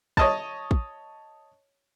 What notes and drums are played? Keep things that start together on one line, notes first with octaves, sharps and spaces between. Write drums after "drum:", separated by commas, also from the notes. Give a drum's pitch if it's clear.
C#5 D#5 A5, drum: kick
drum: kick